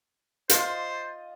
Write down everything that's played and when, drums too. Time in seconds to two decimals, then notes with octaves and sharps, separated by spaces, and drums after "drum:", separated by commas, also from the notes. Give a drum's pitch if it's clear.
0.49 F4 C5 D#5, drum: hi-hat